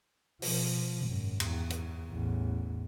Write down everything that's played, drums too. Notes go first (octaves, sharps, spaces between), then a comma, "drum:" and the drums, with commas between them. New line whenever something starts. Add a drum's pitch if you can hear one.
B2 F3, drum: open hi-hat
G#1 F#2
E2, drum: cymbal
drum: hi-hat
A1 E2